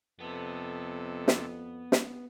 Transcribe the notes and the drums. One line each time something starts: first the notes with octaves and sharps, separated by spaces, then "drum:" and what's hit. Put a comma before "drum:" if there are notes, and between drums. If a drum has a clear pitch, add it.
F2 C3 B3 A4
drum: snare
drum: snare